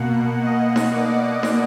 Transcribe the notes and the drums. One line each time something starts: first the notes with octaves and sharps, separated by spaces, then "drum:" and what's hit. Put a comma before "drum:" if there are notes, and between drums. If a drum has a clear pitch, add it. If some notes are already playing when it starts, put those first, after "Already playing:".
Already playing: B2 A#3 F#5
D#5
drum: snare D#4
D5
drum: snare D#4